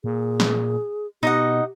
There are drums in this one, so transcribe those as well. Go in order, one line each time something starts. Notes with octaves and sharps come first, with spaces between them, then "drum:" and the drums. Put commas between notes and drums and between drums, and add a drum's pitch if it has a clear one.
A#2 G#4
drum: snare
B2 D#4 G4 D#5 F#5